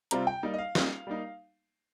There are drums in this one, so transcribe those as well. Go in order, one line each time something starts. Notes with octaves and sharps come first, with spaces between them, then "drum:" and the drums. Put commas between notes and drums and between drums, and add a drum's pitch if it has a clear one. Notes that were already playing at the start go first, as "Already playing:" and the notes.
C3 G3 C4 F4 A#5, drum: hi-hat
G5
G3 A#3 D#4
D#5
F5
G3 A#3 D#4, drum: snare
G3 A#3 D#4